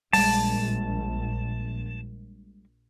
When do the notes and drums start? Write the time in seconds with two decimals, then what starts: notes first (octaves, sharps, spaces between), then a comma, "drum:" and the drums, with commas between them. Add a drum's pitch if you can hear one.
0.13 A#1 G3 G#3 A5, drum: open hi-hat